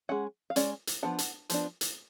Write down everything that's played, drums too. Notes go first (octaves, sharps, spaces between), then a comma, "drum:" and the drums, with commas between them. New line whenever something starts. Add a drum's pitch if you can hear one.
G#3 C#4 F#5
F5
G#3 C#4 D5, drum: hi-hat
drum: hi-hat
F3 B3 D4 F#5
drum: hi-hat
F3 B3 D4, drum: hi-hat
drum: hi-hat